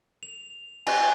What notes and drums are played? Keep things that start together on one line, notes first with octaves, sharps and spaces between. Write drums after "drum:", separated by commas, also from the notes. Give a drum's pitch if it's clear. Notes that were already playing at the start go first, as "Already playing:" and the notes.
F7
G#5 F#6, drum: cymbal